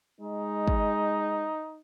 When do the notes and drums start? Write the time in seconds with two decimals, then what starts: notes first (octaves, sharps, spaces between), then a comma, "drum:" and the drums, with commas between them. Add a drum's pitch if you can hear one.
0.21 G#3 D#4
0.68 drum: kick